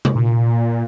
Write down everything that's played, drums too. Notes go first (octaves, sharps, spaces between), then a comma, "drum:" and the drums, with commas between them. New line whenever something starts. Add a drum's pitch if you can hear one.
drum: tom C3
A#2